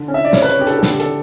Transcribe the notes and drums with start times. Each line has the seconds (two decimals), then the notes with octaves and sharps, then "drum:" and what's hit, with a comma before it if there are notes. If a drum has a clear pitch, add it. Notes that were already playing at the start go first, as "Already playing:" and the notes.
Already playing: D3
0.08 C#4
0.14 E5
0.25 D5
0.33 C#3 C#5, drum: snare
0.42 B4
0.49 C#5, drum: hi-hat
0.59 D4 G4
0.67 A4, drum: hi-hat
0.78 A4
0.83 D3 G4, drum: snare
1.00 A4, drum: hi-hat